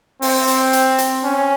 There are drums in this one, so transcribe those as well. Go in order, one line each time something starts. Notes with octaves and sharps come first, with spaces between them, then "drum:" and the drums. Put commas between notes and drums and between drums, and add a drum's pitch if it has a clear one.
C4, drum: open hi-hat
drum: hi-hat
drum: hi-hat
drum: hi-hat
C#4